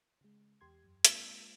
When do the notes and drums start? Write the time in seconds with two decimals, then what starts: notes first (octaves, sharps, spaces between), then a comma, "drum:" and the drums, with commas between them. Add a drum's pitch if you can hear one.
0.21 C#3 G#3
0.61 E2 G4 C6 G#6
0.84 F#2
1.05 G#3 A#3 C4 F4, drum: hi-hat